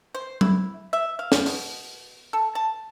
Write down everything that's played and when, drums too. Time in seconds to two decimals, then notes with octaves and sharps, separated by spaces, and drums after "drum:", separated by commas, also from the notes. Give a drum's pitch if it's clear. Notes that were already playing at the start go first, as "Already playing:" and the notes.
0.14 C5
0.41 E4, drum: tom F#3
0.93 E5
1.19 F5
1.32 drum: snare
1.46 B2, drum: open hi-hat
2.33 A4
2.55 A5